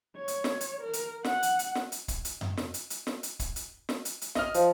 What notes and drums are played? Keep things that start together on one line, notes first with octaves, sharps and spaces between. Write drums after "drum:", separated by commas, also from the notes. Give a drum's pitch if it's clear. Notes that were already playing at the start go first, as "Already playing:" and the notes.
C#5
drum: hi-hat
drum: snare
drum: hi-hat
A#4
drum: hi-hat
F#5, drum: snare
drum: hi-hat
drum: hi-hat
drum: snare
drum: hi-hat
drum: kick, hi-hat
drum: hi-hat
drum: tom F#2
drum: snare
drum: hi-hat
drum: hi-hat
drum: snare
drum: hi-hat
drum: kick, hi-hat
drum: hi-hat
drum: snare
drum: hi-hat
drum: hi-hat
D#5 F6, drum: snare
F3, drum: hi-hat